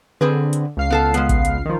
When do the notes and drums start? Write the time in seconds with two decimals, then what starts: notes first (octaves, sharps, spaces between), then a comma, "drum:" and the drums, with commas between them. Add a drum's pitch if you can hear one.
0.21 D3 C4 G#4 B4
0.53 drum: hi-hat
0.77 C#2 F5 C7
0.90 B3 A4 A5
1.14 G#3 B3, drum: hi-hat
1.29 drum: kick A1, hi-hat
1.45 drum: hi-hat
1.65 D#3 F3